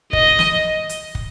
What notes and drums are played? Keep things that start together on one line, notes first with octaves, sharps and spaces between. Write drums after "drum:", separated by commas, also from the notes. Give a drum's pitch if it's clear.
D#5, drum: kick
drum: snare
drum: hi-hat
drum: kick